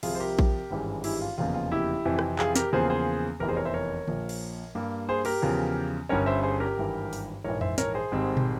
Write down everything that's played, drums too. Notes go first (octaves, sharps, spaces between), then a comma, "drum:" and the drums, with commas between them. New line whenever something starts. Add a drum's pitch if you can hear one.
C2 C3 F3 F4 G#4, drum: cymbal
C5
G4 A#4
drum: kick A#1
G#1 G2 E3 G#3 C#4
E4 G4, drum: cymbal
F4
F1 E2 C#3 F3 A#3 F4
F4
E4 G4
F2 C3 E3
drum: rim click
F4 G#4, drum: clap
G4 A#4, drum: snare
E2 C#3 F3 A#3 G#4 C5
G#4 C5
F1 E2 E3 G4 A#4
G#4 C5
A#4 C#5
C5 E5
A#4 C#5
A#1 A#2 F3, drum: tom D3
drum: cymbal
G2 G3 A#3
G#4 C5
G4 A#4, drum: cymbal
E2 C#3 F3
G1 G2 G3 C#4 A#4 C#5
C5 E5
G#4 C5
G4 A#4
G#1 G2 E3
drum: open hi-hat
A#1 G#2 E3 A#4 C#5
C5 E5, drum: tom F2
A#4 C#5, drum: snare
G#4 C5
G#1 G#2 G3 C4
drum: tom